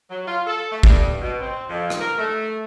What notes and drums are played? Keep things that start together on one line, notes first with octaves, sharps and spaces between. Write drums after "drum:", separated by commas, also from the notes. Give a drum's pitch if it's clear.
F#3
F4
A4
A3
G2, drum: kick
B2
C4
F2
drum: rim click
A#4
A3